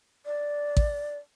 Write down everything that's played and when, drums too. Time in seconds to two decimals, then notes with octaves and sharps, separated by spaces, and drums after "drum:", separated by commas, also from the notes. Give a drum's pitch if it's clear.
0.26 D5
0.77 drum: kick A1